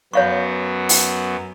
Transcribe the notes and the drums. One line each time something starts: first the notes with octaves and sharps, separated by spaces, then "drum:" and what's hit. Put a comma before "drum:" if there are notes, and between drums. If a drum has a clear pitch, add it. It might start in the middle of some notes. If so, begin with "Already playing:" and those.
F#2 F#3 B3 C#5 F5 C#6
drum: open hi-hat